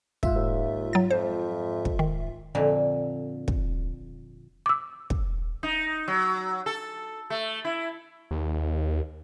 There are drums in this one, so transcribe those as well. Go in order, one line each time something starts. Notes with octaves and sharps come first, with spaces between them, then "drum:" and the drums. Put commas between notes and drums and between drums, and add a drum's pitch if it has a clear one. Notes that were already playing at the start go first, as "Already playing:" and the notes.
G#2 F4 E5, drum: kick
D#2
F#3 A6
F2 C5
drum: kick
D#3
F2 A#2 D3
drum: kick
D6 E6
drum: kick
D#4
F#3
A4
A3
E4
D#2